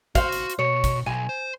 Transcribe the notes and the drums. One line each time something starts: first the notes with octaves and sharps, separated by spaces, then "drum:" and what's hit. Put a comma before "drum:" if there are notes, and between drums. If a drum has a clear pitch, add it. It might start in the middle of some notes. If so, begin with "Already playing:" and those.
F#4 C5 F5, drum: kick, hi-hat
drum: hi-hat
drum: hi-hat
B2 C#5
drum: kick, hi-hat
B1 G#5
C5